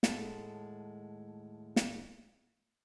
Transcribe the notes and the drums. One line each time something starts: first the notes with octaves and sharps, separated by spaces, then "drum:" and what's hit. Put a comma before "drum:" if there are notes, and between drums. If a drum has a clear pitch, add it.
D#2 A2 G#3 F#5 A5, drum: snare
drum: snare